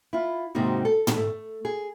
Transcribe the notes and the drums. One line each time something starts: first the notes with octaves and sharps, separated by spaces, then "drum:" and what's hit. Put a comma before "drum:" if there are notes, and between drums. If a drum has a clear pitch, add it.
E4 F4
G#2 C3 D#3 A#3 D#4 F#4
A4
drum: tom
A3
G#4